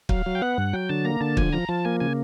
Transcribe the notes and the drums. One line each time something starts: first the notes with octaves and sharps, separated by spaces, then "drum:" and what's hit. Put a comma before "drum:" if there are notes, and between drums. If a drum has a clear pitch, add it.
F#3 F5, drum: kick
F#3
G5
B3 F#5
G2
F#3 G5
D3 A5
A#3 A#5
D3 A5
F3 G#5, drum: kick
F3 A#5
F3 A5
A#3 G#5
C#3 G#5